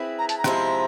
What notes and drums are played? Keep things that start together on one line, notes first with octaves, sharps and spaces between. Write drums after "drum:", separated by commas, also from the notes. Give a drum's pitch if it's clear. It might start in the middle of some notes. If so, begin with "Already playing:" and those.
Already playing: C4 E4 G#4 B4
A#5
A5, drum: hi-hat
A#5
C3 F3 G#3 C4 E4, drum: rim click